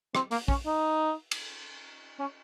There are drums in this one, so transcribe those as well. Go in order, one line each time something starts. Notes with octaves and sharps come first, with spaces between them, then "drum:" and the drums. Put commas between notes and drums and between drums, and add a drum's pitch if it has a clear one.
C4, drum: rim click
A#3, drum: open hi-hat
C#4, drum: kick
D#4
drum: cymbal
C#4